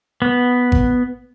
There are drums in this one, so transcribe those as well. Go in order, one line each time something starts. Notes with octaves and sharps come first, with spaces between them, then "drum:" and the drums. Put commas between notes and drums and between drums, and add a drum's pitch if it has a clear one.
B3
drum: kick G#1